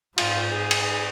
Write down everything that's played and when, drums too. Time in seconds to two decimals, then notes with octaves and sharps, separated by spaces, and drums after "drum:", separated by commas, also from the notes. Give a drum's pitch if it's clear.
0.18 G#2 F4, drum: cymbal
0.51 G#4
0.71 drum: cymbal